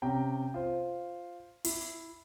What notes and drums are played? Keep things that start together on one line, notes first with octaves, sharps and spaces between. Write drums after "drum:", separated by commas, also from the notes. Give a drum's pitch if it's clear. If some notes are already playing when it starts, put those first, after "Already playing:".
C3 C#4 G5 A#5
F4 C5
E4, drum: open hi-hat